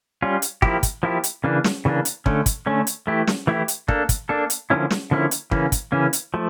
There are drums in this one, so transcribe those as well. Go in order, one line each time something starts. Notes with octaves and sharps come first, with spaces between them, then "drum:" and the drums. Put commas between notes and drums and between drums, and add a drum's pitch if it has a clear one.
G3 C#4 F4
drum: hi-hat
F3 A#3 E4 G4, drum: kick
drum: kick, hi-hat
F3 A#3 E4 G4
drum: hi-hat
C#3 E3 A#3 D4
drum: snare
C#3 E3 A#3 D4
drum: hi-hat
D3 A3 C#4, drum: kick
drum: kick, hi-hat
D3 A3 C#4
drum: hi-hat
E3 A3 E4 G4
drum: snare
E3 A3 E4 G4
drum: hi-hat
A#3 D4 A4, drum: kick
drum: kick, hi-hat
A#3 D4 A4
drum: hi-hat
D3 F3 A#3 C#4 E4
drum: snare
D3 F3 A#3 C#4 E4
drum: hi-hat
C#3 E3 A#3 C#4, drum: kick
drum: kick, hi-hat
C#3 E3 A#3 C#4
drum: hi-hat
F3 A3